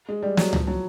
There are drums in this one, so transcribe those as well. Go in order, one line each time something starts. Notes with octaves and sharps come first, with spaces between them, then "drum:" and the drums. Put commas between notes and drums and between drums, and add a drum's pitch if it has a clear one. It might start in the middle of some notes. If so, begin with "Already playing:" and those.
G#3
G3
F#3, drum: snare
F3, drum: tom C#2
F#3